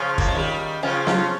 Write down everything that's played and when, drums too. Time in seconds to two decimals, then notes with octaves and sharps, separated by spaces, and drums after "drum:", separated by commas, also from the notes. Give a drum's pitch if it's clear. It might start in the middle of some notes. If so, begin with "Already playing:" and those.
Already playing: C#3 F3 C#4 F4
0.18 A#3, drum: kick
0.27 G#3
0.35 D#3 G3
0.83 C#3 F3 C#4 F4
1.07 C#4 F4, drum: snare